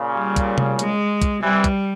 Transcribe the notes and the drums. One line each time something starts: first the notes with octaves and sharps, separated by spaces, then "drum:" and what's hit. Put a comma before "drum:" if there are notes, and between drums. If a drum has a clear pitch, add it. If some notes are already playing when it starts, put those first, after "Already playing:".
Already playing: A#2 C#3
G3
drum: kick, hi-hat
drum: tom C3
G#3, drum: hi-hat
drum: kick, hi-hat
C3 E3 G3
drum: kick, hi-hat